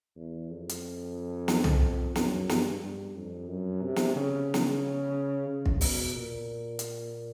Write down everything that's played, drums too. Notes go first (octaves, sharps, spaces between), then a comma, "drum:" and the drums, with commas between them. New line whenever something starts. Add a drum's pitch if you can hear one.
E2
F2
drum: hi-hat
drum: snare
drum: tom
F#2, drum: snare
G2, drum: snare
G2
F2
F#2
C3
drum: snare
C#3
drum: snare
C#3
drum: kick
B2, drum: open hi-hat
A#2
drum: hi-hat